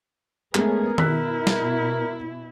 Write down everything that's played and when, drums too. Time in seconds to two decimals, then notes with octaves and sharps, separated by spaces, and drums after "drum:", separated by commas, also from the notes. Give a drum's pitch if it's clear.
0.55 G#3 A3 B3 C#4 G#4 A#4, drum: clap
0.98 B2 E4 E6 F#6 B6, drum: tom D#3
1.47 drum: snare